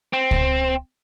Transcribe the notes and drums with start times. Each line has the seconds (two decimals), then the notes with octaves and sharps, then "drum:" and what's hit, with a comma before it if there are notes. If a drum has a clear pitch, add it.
0.13 C4
0.31 drum: kick C#2